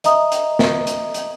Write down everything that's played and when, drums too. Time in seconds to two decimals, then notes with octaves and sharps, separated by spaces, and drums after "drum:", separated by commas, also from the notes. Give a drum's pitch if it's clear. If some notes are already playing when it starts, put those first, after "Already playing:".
0.04 D#5 E5 A#5 D#6, drum: hi-hat
0.32 drum: hi-hat
0.59 drum: snare
0.87 drum: hi-hat
1.14 drum: hi-hat